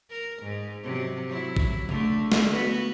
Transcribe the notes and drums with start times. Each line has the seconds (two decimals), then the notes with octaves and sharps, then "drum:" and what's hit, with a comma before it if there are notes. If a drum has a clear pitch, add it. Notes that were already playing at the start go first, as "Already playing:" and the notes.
0.10 A#4
0.43 G#2
0.84 C3 F#3
1.28 F#3 E4
1.57 drum: kick
1.89 D3 A3, drum: tom C3
2.32 drum: snare
2.51 B3 F#4 B4